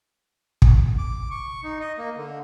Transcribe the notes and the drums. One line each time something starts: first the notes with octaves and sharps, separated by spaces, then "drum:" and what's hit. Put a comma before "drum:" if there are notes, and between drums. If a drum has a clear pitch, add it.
drum: kick
D6
C#6
D#4
D#5
A#3
D3